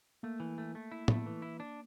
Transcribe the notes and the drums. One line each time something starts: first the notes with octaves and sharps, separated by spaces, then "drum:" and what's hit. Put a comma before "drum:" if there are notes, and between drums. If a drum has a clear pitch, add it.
A3 A#3
E3
A3
A3
E4
A3, drum: tom
E3
E4
D4